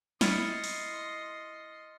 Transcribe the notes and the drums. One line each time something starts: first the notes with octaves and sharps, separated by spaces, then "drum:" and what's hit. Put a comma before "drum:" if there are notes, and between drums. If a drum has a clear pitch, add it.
E4 D#5 C6 F6 A6 C#7, drum: snare
drum: open hi-hat